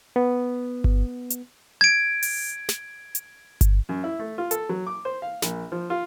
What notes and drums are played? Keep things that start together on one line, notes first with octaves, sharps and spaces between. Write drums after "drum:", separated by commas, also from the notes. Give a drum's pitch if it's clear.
B3
drum: kick G1
drum: hi-hat
G#6 D7
drum: open hi-hat
drum: snare
drum: hi-hat
drum: kick G1, hi-hat
F#2
E4
A3
F4
A4, drum: hi-hat
F#3
D6
C5
F5
A#1, drum: snare
F3
F4